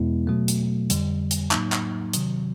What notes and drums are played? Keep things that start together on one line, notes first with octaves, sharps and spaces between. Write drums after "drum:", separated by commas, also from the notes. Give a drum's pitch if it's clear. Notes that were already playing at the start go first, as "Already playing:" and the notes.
Already playing: E2 B2 G#3 B3 E4
B2 F#3 A3
drum: hi-hat
F2 D3 G3, drum: hi-hat
drum: hi-hat
A2 F#3 A#3 D#4, drum: clap
drum: clap
C3 D#3 F#3, drum: hi-hat